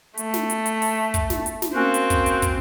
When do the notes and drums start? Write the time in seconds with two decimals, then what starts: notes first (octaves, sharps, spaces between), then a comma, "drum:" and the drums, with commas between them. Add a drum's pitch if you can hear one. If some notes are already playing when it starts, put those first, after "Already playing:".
0.18 A3, drum: hi-hat
0.34 drum: snare
0.50 drum: hi-hat
0.66 drum: hi-hat
0.82 drum: open hi-hat
1.14 drum: kick, hi-hat
1.30 drum: snare
1.46 drum: hi-hat
1.62 drum: snare
1.74 A#3 C4 C#4 F#4
1.94 drum: hi-hat
2.10 drum: kick, hi-hat
2.26 drum: hi-hat
2.42 drum: kick, hi-hat